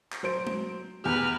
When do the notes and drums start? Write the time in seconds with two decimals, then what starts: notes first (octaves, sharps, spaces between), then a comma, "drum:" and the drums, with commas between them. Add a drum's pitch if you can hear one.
0.12 drum: clap
0.23 F#3 C5 D7
0.47 drum: tom G#3
1.04 E2 G4 B4 F6